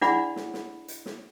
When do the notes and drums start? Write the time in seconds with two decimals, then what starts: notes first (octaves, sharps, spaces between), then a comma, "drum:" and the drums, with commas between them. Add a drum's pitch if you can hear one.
0.01 D4 E4 G#4 D5 F#5 B5, drum: snare
0.36 drum: snare
0.54 drum: snare
0.88 drum: hi-hat
1.06 drum: snare